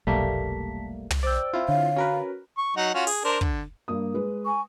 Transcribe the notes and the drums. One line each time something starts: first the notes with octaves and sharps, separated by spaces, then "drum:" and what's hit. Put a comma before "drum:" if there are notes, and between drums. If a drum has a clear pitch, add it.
F1 B1 G3 A3 A#3 A5 B6
drum: tom
C5 D5 G5 E6
C4 E4 F4
D3 C#5 F5
C#4 F#4 A#4 B4
C#6
F#3 D#4 F#5
C#4 F4 F#4
G#4, drum: open hi-hat
D4 A#4 C5
D3, drum: kick
G2 A#3 D#6
G#3 B4
G#5 C#6